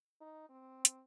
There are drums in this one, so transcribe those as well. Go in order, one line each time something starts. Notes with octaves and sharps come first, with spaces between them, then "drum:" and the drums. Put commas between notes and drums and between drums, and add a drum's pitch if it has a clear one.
D#4
C4
drum: hi-hat